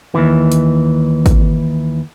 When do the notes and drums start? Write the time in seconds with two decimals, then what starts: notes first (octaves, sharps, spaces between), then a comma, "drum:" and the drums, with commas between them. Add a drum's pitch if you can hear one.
0.15 D#2 E3
0.52 drum: hi-hat
1.26 drum: kick, hi-hat